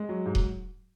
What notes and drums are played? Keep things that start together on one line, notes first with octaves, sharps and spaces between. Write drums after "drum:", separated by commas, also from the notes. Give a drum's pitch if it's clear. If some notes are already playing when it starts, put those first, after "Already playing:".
Already playing: G#3
F#3
G#2
drum: kick D#1